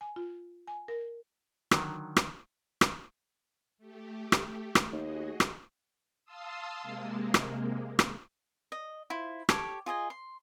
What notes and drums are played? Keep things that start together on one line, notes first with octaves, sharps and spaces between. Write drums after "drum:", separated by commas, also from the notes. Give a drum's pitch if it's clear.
G#5
F4
G#5
A#4
D3 D#3 F#3, drum: rim click
drum: rim click
drum: rim click
A3 G4
drum: rim click
drum: rim click
D#2 F#4 G#4 D#5
drum: rim click
F5 A5 C6 D#6 E6
C3 G#3 A#3
drum: rim click
drum: rim click
D#5
E4 F4 C5
G4 A4 C#5 D6, drum: rim click
F4 G#4 D#5 G#5
C6